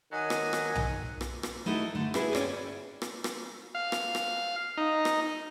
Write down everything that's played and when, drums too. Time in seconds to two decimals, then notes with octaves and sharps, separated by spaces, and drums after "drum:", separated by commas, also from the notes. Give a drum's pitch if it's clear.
0.12 D#3 F#3 D#5 G#5
0.30 drum: rim click
0.53 drum: rim click
0.75 drum: tom
1.21 drum: rim click
1.43 drum: rim click
1.66 A3 D#4 E4 F#4 A4
1.95 D3 A3
2.14 E4 F#4 G#4 A4 B4, drum: rim click
2.35 C4 C#4 C#5 D5, drum: rim click
3.02 drum: rim click
3.24 drum: rim click
3.75 F5
3.92 drum: rim click
4.15 drum: rim click
4.77 D#4
5.05 drum: rim click